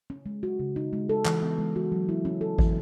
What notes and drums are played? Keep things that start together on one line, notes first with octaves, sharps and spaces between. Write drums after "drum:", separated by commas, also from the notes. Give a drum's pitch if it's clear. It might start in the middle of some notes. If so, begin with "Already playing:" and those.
C#4
G#3
F#4
C#3
D#4
G#3
A4
E3, drum: clap
B3
G#3
F#4
F#3
E4
C#4
A4
E3, drum: kick G#1